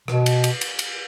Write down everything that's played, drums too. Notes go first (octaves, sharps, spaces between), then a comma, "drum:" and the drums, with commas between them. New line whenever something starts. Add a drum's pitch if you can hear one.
B2, drum: rim click
drum: cymbal
drum: cymbal
drum: cymbal
drum: cymbal